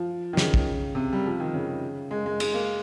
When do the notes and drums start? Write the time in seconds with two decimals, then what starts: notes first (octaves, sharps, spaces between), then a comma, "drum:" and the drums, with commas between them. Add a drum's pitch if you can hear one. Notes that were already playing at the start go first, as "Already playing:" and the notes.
Already playing: F3
0.33 D#3
0.37 C#3, drum: snare
0.54 drum: kick
0.95 C3
1.13 G3
1.26 F3
1.40 D#3
1.54 C#3
2.11 G#3
2.26 G#3
2.40 G#3, drum: cymbal
2.54 A#3